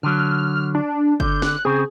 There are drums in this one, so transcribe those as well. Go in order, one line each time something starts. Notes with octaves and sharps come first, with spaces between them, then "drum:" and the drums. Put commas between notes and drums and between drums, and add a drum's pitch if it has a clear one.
D3 F#3 F6
D4
D3 G6, drum: kick G1
F#6, drum: snare
C#3 C4 G#4